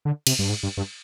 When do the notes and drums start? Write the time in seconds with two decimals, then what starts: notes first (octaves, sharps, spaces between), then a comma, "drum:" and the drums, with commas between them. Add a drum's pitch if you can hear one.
0.05 D3
0.27 C3, drum: cymbal
0.39 G2
0.49 G#2
0.63 G2
0.77 G2